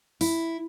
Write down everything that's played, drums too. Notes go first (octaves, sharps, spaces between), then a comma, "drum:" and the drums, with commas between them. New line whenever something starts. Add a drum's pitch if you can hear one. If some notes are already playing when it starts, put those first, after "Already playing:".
E4, drum: open hi-hat